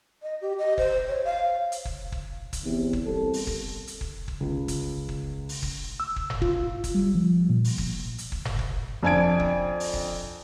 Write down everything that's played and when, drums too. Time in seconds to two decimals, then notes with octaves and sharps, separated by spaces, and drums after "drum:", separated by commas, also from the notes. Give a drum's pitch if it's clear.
0.23 D#5
0.41 G4
0.59 D#5
0.78 C5, drum: kick
1.08 C#5
1.24 F5
1.72 drum: hi-hat
1.85 drum: kick
2.12 drum: kick
2.53 drum: kick, hi-hat
2.64 E2 C3
2.93 drum: kick
3.05 C2 A4
3.33 drum: open hi-hat
3.47 drum: kick
3.87 drum: hi-hat
4.01 drum: kick
4.28 drum: kick
4.40 C#2
4.68 drum: kick, hi-hat
5.09 drum: kick
5.49 drum: open hi-hat
5.62 drum: kick
6.00 E6
6.16 drum: kick
6.30 drum: tom F#1
6.42 F4, drum: kick
6.84 drum: kick, hi-hat
6.95 G3
7.15 F3
7.50 A#2
7.64 drum: open hi-hat
7.78 drum: kick
8.18 drum: hi-hat
8.32 drum: kick
8.45 drum: tom F#1
8.59 drum: kick
9.03 F2 D4 G#5 A5 G#6 D7
9.40 drum: kick
9.80 drum: open hi-hat
9.93 drum: kick